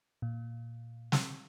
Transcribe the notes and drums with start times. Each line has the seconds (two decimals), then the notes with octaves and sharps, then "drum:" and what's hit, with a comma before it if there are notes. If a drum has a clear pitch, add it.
0.22 A#2
1.12 drum: snare